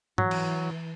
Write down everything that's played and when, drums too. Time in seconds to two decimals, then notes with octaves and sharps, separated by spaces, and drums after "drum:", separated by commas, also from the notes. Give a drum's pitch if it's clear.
0.18 E3 F#3, drum: tom G#2
0.31 drum: cymbal